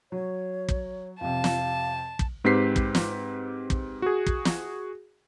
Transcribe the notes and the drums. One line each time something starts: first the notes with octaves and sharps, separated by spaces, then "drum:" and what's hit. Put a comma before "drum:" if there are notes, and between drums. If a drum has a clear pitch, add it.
F#3 C#5
drum: kick
F2 C3 F5 A5
drum: snare
drum: kick
G#2 C4 G4 B4 B6 C7
drum: kick
drum: snare
drum: kick
F#4 G#4
drum: kick
drum: snare